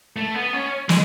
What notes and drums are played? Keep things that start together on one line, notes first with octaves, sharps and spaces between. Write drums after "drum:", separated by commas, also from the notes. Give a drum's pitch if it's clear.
A3
B3
C#4
G#3, drum: snare